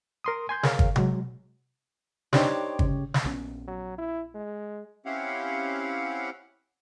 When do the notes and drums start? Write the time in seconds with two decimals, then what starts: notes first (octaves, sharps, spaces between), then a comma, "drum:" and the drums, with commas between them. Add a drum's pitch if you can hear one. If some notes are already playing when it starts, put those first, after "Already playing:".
0.24 A#4 C6 D#6
0.49 G#5 C6 G6 G#6
0.63 G#4 A#4 C#5 F5, drum: snare
0.79 drum: kick
0.96 F#3 G#3, drum: tom C3
2.33 C4 D4 D#4 G4 C#5, drum: snare
2.79 C#3, drum: kick
3.14 drum: snare
3.25 A#1 B3 C#4
3.67 F#3
3.98 E4
4.35 G#3
5.06 C4 C#4 E4 G4 F5 F#5